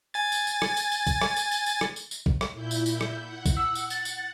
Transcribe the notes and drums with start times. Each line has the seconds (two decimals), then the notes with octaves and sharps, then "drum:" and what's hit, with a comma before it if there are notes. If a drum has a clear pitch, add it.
0.14 G#5 A6
0.32 drum: tambourine
0.47 drum: tambourine
0.62 drum: rim click
0.77 drum: tambourine
0.92 drum: tambourine
1.07 drum: kick, tambourine
1.22 drum: rim click
1.36 drum: tambourine
1.51 drum: tambourine
1.66 drum: tambourine
1.81 drum: rim click
1.96 drum: tambourine
2.11 drum: tambourine
2.26 drum: kick
2.41 drum: rim click
2.51 A#2 E4 G6
2.71 drum: tambourine
2.86 drum: tambourine
3.01 drum: rim click
3.23 F#5
3.46 drum: kick, tambourine
3.56 E6
3.75 drum: tambourine
3.90 A6, drum: tambourine
4.05 drum: tambourine